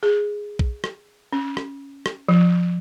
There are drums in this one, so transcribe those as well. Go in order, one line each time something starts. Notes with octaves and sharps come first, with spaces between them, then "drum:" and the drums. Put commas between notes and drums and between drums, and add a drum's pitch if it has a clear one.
G#4
drum: kick
drum: rim click
C#4
drum: rim click
drum: rim click
F3